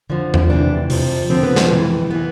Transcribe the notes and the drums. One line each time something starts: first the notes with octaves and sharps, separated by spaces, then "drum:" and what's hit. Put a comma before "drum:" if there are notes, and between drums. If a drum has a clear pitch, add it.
F2 D3 F3
drum: tom E2
D2 C3 E3 D4
F2 C3 F3, drum: open hi-hat
F2 D3 F3 C4
B3
C4, drum: snare
F2 C3 E3
E3 B3